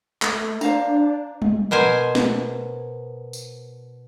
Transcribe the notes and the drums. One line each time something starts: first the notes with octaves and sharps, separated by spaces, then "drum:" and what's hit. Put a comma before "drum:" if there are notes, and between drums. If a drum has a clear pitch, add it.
A3, drum: clap
D4 C5 F5 A#5, drum: tambourine
drum: tom G3
B2 A#4 C5 G#5
drum: snare
drum: tambourine